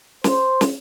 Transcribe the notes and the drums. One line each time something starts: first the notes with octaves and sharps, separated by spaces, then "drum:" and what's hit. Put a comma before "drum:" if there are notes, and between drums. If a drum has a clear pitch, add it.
C5, drum: snare
drum: snare